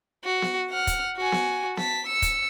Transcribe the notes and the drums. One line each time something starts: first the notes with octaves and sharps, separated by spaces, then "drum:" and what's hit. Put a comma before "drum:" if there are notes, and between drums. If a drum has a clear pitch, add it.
F#4
drum: snare B3
F#5 F6
drum: kick, hi-hat
F#4 G#5
drum: snare B3
A5 B6, drum: snare B3
E6 C#7
drum: kick, hi-hat